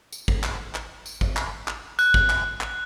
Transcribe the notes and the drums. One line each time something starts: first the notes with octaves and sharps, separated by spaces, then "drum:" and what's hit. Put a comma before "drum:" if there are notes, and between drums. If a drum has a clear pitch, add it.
drum: tambourine
drum: kick
drum: clap
drum: clap
drum: tambourine
drum: kick
drum: clap
drum: clap
F#6, drum: tambourine
drum: kick
drum: clap
drum: clap